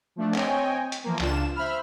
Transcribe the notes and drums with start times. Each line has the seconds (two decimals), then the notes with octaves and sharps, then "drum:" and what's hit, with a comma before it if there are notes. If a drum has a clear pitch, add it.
0.16 F3 A3 D4
0.34 C4 C#5 D#5 G5 G#5, drum: clap
0.92 drum: hi-hat
1.04 E3 F3 A#3
1.19 C#2 D4 F4 E7, drum: clap
1.55 C5 E5 B5 F6